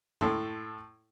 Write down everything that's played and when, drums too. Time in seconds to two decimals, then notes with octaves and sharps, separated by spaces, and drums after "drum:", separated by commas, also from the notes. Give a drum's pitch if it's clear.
0.21 A2 E4 A4 C6, drum: tom F#2